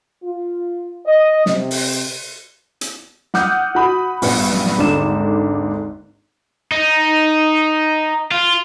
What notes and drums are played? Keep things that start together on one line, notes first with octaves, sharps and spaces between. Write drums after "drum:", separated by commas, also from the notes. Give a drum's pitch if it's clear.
F4
D#5
C3, drum: snare
drum: open hi-hat
drum: hi-hat
F#5 D6 D#6 F6 G6, drum: snare
F#4 B5 D#6
A#1 G2 B3 C#7, drum: open hi-hat
drum: snare
drum: snare
G#1 D#2 G#2 D3 D4 E7
D#4
F4